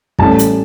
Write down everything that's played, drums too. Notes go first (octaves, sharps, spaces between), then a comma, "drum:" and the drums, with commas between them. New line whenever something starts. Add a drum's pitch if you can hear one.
A1 A2 G3 A5, drum: kick
drum: hi-hat